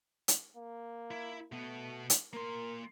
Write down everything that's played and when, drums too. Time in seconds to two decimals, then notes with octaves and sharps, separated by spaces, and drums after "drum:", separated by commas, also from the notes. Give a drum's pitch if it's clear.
0.28 drum: hi-hat
0.57 A#3
1.11 E4
1.52 B2 A3 B3
2.10 drum: hi-hat
2.33 A#3 A#4 C6